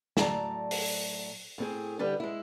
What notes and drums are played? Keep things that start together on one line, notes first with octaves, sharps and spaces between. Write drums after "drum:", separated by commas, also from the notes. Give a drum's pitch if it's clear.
A2 F#3 D5 A5 A#5, drum: snare
drum: open hi-hat
A2 C4 G#4
D3 G3 G4 B4
G#3 E4